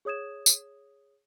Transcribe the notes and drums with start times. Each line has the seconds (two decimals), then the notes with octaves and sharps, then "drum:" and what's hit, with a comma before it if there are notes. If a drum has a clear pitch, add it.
0.05 G#4 C#5 D#6 G#6 E7
0.46 drum: tambourine